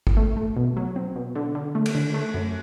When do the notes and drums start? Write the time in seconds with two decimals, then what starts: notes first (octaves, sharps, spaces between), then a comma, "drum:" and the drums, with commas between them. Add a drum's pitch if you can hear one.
0.07 drum: kick G#1
0.17 A3
0.37 A3
0.57 B2
0.77 F#3
0.96 C4
1.16 B2
1.35 D3
1.55 D3
1.75 A3
1.86 drum: cymbal
1.95 D3
2.14 A3
2.34 F#2